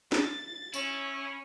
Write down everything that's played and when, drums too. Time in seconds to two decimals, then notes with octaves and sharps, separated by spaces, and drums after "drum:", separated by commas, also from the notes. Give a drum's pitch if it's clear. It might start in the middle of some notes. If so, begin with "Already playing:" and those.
0.12 A6, drum: snare
0.74 C#4 E4, drum: tambourine